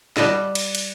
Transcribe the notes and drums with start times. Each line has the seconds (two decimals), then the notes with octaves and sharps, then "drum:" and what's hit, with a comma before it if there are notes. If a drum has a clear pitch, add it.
0.17 G3 B3 D#5 A5, drum: snare
0.55 drum: cymbal
0.75 drum: cymbal